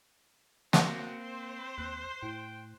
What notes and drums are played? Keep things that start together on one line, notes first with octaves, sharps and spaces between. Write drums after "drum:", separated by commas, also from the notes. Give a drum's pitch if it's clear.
A#3 C4 F#4, drum: snare
C5
D#2 F#6
A2 G5